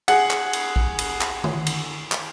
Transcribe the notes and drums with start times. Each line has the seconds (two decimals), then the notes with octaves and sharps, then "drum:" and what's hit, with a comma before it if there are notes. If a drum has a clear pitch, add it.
0.08 G#4 F#5, drum: cymbal
0.31 drum: clap
0.53 drum: cymbal
0.76 drum: kick A#1
0.99 drum: cymbal
1.21 drum: clap
1.44 drum: tom D3
1.67 drum: cymbal
2.12 drum: clap